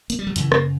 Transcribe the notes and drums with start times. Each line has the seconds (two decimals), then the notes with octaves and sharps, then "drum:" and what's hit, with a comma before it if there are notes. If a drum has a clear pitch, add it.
0.10 A#3, drum: hi-hat
0.19 G3
0.27 F#3
0.36 F#2 C#3 E3, drum: hi-hat
0.52 A#3, drum: rim click